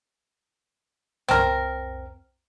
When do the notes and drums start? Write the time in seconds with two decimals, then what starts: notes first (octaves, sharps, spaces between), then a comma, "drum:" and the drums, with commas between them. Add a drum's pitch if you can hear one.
1.28 C4 A#4, drum: tom